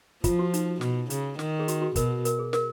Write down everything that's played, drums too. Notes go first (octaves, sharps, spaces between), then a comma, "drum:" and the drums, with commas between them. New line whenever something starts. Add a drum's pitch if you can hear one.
F3 F4, drum: kick, hi-hat
F#4
D#4, drum: hi-hat
B2, drum: snare
C#3, drum: hi-hat
D#3, drum: snare
G#4
F#4, drum: hi-hat
F#4
B2 A#4, drum: kick, hi-hat
A#4, drum: hi-hat
G#4
A#4, drum: snare